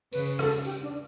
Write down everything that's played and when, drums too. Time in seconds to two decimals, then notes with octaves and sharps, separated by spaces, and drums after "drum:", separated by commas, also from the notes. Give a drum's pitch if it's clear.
0.13 C#3 B4, drum: tambourine
0.26 drum: tambourine
0.39 A4, drum: rim click
0.52 drum: tambourine
0.65 G4, drum: tambourine
0.83 D4